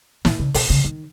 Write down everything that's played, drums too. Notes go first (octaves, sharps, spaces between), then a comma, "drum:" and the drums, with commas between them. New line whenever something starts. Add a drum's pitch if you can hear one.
A#2, drum: snare
C#3
B2, drum: open hi-hat
C#3
D#3